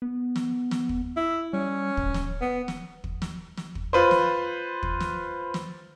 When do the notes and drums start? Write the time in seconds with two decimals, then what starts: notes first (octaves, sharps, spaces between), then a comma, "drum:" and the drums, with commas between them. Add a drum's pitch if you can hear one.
0.02 B3
0.36 drum: snare
0.71 drum: snare
0.89 drum: kick
1.17 E4
1.53 G3 C#4
1.97 D1, drum: kick
2.14 drum: snare
2.41 B3
2.68 drum: snare
3.04 drum: kick
3.22 drum: snare
3.57 drum: snare
3.75 drum: kick
3.93 F4 B4 C5
4.11 drum: snare
4.83 drum: kick
5.00 drum: snare
5.54 drum: snare